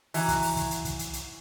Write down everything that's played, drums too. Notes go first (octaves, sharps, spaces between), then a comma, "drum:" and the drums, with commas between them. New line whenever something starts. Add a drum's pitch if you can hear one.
E3 F#4 A#5, drum: open hi-hat
drum: kick, hi-hat
drum: open hi-hat
drum: kick, hi-hat
drum: hi-hat
drum: kick, hi-hat
drum: hi-hat
drum: hi-hat